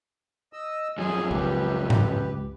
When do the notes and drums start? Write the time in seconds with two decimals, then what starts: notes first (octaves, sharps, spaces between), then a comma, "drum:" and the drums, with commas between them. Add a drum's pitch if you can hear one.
0.53 D#5 E6
0.98 F#2 F3 G#4
1.31 C#2 G4 B4
1.90 drum: tom G#2